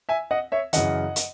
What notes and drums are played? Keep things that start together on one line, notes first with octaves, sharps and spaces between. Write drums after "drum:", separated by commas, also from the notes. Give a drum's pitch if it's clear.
E5 G#5
D#5 F#5
C#5 E5
F#2 C#3 E3 D#5 F#5, drum: hi-hat
drum: hi-hat